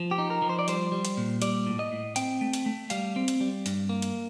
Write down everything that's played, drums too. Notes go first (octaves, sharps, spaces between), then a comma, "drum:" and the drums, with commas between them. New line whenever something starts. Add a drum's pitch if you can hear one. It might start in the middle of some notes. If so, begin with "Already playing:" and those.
Already playing: F3
G4
D#4
A#4
F3
C5
D5
G3 C5, drum: hi-hat
G3
drum: hi-hat
A#2
G3 D5, drum: hi-hat
A2
D#5
A2
C4 G5, drum: hi-hat
A3
drum: hi-hat
A3
G3 F5, drum: hi-hat
C4
drum: hi-hat
G3
G2, drum: hi-hat
A#3
drum: hi-hat